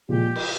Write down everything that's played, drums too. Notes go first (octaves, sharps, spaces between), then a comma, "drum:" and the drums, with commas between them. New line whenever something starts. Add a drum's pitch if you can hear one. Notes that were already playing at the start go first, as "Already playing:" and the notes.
A#2 F3 G#3 G4
drum: cymbal